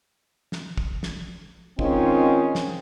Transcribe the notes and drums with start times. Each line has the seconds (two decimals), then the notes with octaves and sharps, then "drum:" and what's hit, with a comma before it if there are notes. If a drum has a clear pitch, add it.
0.52 drum: snare
0.77 drum: kick
1.03 drum: snare
1.79 D#3 G#3 C4 C#4 D#4 F4, drum: kick
2.55 drum: snare